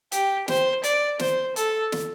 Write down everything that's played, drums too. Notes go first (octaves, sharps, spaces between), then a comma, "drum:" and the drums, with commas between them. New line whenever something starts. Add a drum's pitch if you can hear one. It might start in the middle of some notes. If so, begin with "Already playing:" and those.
G4, drum: hi-hat
C5, drum: snare
D5, drum: hi-hat
C5, drum: snare
A4, drum: hi-hat
drum: snare